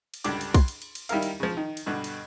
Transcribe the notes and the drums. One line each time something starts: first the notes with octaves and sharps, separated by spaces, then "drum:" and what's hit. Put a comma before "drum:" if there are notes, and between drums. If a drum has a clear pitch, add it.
drum: cymbal
C#2 G2 D3 D4 G4 D6, drum: cymbal
drum: cymbal
C6, drum: kick, cymbal
drum: cymbal
drum: cymbal
drum: cymbal
D#3 G3 E4 A#4 F5, drum: cymbal
drum: cymbal
C#3 F3
D#3
drum: cymbal
G2 B2 D3
drum: cymbal